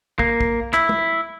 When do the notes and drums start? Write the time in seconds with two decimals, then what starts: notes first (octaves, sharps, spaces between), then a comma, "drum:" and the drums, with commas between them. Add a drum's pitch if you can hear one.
0.19 A#3, drum: kick
0.41 drum: kick
0.74 E4, drum: clap
0.89 drum: tom